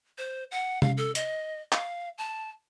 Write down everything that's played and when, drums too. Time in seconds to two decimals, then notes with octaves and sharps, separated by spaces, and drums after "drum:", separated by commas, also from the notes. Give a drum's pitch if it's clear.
0.18 C5
0.51 F#5
0.82 F5, drum: tom C3
0.97 A4
1.15 D#5, drum: hi-hat
1.72 F5, drum: clap
2.18 A5